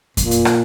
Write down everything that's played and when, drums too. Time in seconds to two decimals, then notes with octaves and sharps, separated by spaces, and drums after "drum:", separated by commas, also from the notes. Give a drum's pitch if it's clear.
0.17 A#2, drum: kick F2, hi-hat
0.31 drum: hi-hat
0.45 drum: rim click